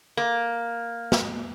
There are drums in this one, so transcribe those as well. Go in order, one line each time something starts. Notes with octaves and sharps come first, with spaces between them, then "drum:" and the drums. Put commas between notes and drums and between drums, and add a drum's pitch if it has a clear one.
A#3
drum: snare